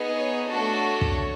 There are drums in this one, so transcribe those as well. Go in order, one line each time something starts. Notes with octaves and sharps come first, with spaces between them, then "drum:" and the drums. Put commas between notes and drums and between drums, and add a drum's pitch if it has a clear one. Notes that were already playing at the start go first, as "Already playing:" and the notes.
Already playing: B3 D#4 G#4
C#5
A3 D4 F#4 A4 C#5
drum: kick